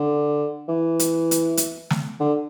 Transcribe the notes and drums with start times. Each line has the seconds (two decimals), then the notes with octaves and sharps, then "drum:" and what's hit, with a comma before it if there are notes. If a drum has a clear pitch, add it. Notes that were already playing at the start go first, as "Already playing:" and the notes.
Already playing: D3
0.69 E3
0.99 drum: hi-hat
1.31 drum: hi-hat
1.57 drum: hi-hat
1.90 drum: snare
2.20 D3